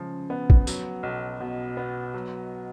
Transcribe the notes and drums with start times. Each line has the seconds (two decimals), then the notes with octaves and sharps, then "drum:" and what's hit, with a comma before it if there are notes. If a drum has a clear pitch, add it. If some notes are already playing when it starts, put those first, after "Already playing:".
Already playing: C#3 F3 G#3
0.30 B3
0.50 drum: kick
0.67 F#3, drum: tambourine
1.03 B1
1.40 B2
1.77 B3
2.14 F#3